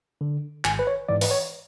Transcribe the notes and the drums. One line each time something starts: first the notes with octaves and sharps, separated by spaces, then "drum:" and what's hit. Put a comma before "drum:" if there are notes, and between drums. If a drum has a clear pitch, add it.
D3
G#1 G#5, drum: clap
B4
C#5
G#2 E3 D5
B4, drum: open hi-hat
C#5